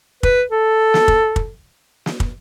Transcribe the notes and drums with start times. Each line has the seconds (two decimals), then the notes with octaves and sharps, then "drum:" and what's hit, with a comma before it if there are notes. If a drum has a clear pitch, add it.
0.23 B4, drum: kick
0.51 A4
0.94 drum: snare
1.08 drum: kick
1.36 drum: kick
2.06 drum: snare
2.20 drum: kick